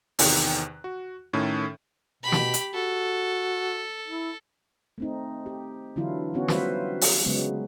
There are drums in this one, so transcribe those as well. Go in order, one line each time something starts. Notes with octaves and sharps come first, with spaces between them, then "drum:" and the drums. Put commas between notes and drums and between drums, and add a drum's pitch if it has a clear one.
E2 C3 D#3 G5 F#6, drum: open hi-hat
F#4
A2 D#3 C#4 A4
B2 G4 B5
drum: snare
drum: hi-hat
F#4 A4
E4
A3 C4 D#4
G4
D3 E3 F#3 D4 E4 F4
B3 C#4 F#4
F#3 G3 F4 B4 C5 E5, drum: snare
drum: open hi-hat
C#3 F#3 G#3 B3